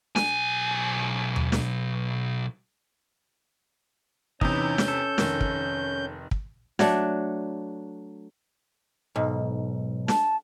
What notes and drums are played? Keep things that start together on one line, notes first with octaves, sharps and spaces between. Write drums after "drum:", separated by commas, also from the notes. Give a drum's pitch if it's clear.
B1 G#5, drum: snare
drum: tom D#2
drum: snare
E2 C3 E3 C#4 D#4 G6, drum: kick
drum: snare
A4
F1 D#3, drum: snare
drum: kick
drum: kick
F#3 A3 D4, drum: snare
B1 G#2
A5, drum: snare